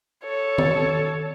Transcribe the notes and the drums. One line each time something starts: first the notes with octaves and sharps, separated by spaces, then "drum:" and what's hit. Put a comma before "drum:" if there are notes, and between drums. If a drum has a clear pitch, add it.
A4 C#5
drum: tom